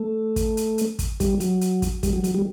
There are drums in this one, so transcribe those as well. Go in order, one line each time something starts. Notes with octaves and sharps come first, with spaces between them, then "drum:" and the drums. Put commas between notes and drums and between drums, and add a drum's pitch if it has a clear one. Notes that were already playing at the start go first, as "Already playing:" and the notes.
Already playing: A3
drum: kick, hi-hat
drum: hi-hat
drum: hi-hat
drum: kick, hi-hat
G3, drum: kick, hi-hat
F#3, drum: hi-hat
drum: hi-hat
drum: kick, hi-hat
G3, drum: kick, hi-hat
F#3
F#3, drum: hi-hat
G3